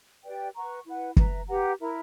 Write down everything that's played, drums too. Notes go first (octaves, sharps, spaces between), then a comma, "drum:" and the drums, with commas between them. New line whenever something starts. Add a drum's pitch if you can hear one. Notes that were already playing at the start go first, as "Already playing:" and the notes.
G4 B4 D5 G5
B4 F#5 A#5 C#6
E4 B4 F#5
B4 E5 A#5, drum: kick
G4 B4 F#5 A#5
E4 A#4 E5 A#5